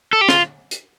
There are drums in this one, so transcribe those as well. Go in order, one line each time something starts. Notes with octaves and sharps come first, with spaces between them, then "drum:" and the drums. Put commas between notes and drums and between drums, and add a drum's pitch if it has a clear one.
A4
G4
F4, drum: snare
drum: hi-hat